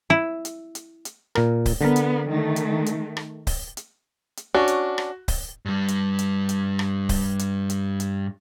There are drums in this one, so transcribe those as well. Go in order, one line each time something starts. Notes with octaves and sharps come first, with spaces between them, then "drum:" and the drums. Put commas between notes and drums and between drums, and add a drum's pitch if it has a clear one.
E4
drum: hi-hat
drum: hi-hat
drum: hi-hat
A#2 A#4, drum: rim click
drum: kick C#1, open hi-hat
D3 B3 A#4
drum: hi-hat
D#3 A3
drum: hi-hat
drum: hi-hat
drum: rim click
drum: kick C#1, open hi-hat
drum: hi-hat
drum: hi-hat
C#4 D4 F#4
drum: hi-hat
drum: rim click
drum: kick C#1, open hi-hat
G2 G3
drum: hi-hat
drum: hi-hat
drum: hi-hat
drum: rim click
drum: kick C#1, open hi-hat
drum: hi-hat
drum: hi-hat
drum: hi-hat